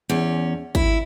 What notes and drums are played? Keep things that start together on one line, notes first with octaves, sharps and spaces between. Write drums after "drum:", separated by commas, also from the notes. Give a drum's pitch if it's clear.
E2 C#4
E4, drum: kick G#1